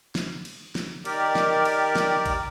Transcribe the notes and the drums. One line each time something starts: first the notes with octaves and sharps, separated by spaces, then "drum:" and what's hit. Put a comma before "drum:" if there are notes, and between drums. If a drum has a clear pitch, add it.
drum: snare
drum: cymbal
drum: snare
D#3 G4 A#4 D5, drum: cymbal
drum: snare
drum: cymbal
drum: snare
drum: kick A#1, cymbal